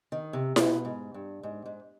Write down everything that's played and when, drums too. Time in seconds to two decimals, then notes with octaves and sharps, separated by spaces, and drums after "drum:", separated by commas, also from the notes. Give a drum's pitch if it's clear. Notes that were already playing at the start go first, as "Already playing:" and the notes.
0.12 D#3
0.33 C3
0.56 B2, drum: snare E4
0.85 G#2
1.14 G2
1.43 G#2
1.66 G#2